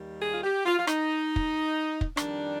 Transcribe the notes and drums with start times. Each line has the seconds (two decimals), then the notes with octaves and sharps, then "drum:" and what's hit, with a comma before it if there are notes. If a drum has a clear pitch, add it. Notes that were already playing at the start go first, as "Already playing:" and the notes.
Already playing: D#2 D#3 G3
0.22 G#4
0.34 F4
0.44 G4
0.66 F4
0.79 F4
0.87 D#4, drum: rim click
1.36 drum: kick
2.01 drum: kick
2.17 F2 D#3 G3 D4, drum: rim click